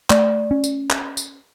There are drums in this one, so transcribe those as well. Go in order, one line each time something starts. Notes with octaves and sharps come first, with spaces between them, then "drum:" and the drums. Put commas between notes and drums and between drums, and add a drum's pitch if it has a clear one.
A3 D5, drum: clap
C#4
drum: tambourine
drum: clap
drum: tambourine